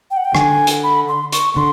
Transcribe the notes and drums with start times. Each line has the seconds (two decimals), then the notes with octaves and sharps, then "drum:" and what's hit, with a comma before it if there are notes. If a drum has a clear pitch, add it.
0.11 G5
0.17 F#5
0.25 G5
0.35 D3 G#5, drum: rim click
0.67 drum: hi-hat
0.83 B5
1.08 C6
1.32 C#6, drum: hi-hat
1.56 D3 C6